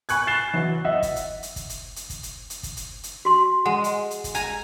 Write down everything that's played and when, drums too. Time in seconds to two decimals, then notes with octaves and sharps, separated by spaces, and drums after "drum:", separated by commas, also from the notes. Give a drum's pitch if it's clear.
0.09 G#5 B5 C#6 F#6 G#6, drum: hi-hat
0.27 F#6 A6 C7 E7 G7
0.54 E3 F#3 F#4
0.85 D#5 E5 F#5
1.03 drum: kick, hi-hat
1.16 drum: hi-hat
1.43 drum: hi-hat
1.56 drum: kick, hi-hat
1.70 drum: hi-hat
1.96 drum: hi-hat
2.10 drum: kick, hi-hat
2.23 drum: hi-hat
2.50 drum: hi-hat
2.63 drum: kick, hi-hat
2.77 drum: hi-hat
3.03 drum: hi-hat
3.25 F#4 C6
3.66 G#3 F#5
3.84 drum: hi-hat
4.11 drum: hi-hat
4.24 drum: kick, hi-hat
4.35 G#5 A#5, drum: hi-hat